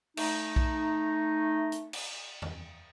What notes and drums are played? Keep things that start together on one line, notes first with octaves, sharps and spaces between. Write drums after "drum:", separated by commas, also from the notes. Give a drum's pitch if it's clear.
A3 D#4, drum: cymbal
drum: kick B1
drum: hi-hat
drum: cymbal
drum: tom E2